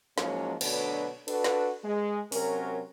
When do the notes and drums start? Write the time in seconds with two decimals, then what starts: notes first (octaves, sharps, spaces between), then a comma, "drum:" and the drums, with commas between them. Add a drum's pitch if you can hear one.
0.18 G#2 F3 F#3 G#3 A#3 C#4, drum: snare
0.61 D2 B2 D3 F#3 D4 B4, drum: cymbal
1.28 D4 F#4 A4 B4, drum: cymbal
1.44 drum: snare
1.84 G#3
2.32 C3 F#3 C#4 A#4, drum: open hi-hat